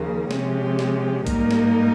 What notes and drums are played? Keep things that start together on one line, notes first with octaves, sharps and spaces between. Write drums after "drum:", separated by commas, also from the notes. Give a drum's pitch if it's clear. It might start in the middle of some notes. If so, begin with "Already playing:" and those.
Already playing: D#2 C#3 F3 A#3
C3 F3 G#3 C#4 G4, drum: snare
drum: snare
G#2 G3 A#3 D#4 A#4, drum: kick A#1, hi-hat
drum: snare